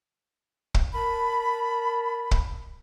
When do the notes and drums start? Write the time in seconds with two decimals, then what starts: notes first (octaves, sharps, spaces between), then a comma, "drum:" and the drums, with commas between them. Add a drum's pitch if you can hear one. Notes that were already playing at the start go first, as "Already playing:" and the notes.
0.74 drum: kick
0.94 A#4 A5 B5
2.31 drum: kick